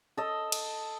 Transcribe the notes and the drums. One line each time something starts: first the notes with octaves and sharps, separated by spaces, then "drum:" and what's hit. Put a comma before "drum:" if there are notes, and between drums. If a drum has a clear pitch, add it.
A4 D#5
drum: cymbal